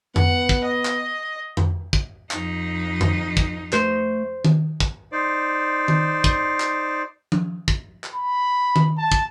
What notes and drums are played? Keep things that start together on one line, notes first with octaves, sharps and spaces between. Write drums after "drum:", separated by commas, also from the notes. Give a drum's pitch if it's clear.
B3 F#5, drum: tom F2
drum: kick
D#5
drum: clap
drum: tom F2
drum: kick
F2 D#4, drum: clap
drum: tom F2
drum: kick
A3 C5, drum: clap
drum: tom D#3
drum: kick
D#4 C5 D5
drum: tom D#3
drum: kick
drum: clap
drum: tom F3
drum: kick
drum: clap
B5
drum: tom D#3
A5
drum: kick